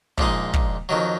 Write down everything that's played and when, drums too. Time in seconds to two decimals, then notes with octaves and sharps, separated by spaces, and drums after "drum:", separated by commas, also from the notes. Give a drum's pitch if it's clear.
0.18 A#1 A#2 G#3 D#4, drum: kick
0.53 drum: kick
0.89 F2 D#3 F#3